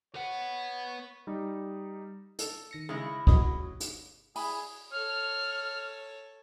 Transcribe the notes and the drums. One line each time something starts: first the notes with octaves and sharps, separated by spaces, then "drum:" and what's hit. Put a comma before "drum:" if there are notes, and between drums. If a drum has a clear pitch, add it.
B4 C#5 F#5
G3 D#4
A4, drum: hi-hat
D#3 A#6 C#7
C#3 G#3 E4
G1 F#3 C#4 F#4 D#5, drum: kick C#2
drum: hi-hat
E4 G#4 G#5 B5, drum: open hi-hat
A4 C#5 F6